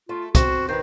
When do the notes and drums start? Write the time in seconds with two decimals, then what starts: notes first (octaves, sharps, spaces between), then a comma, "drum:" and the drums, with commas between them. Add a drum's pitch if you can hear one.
0.09 A3 F4
0.35 C4 F#4, drum: kick, hi-hat
0.69 D#3 B4 C5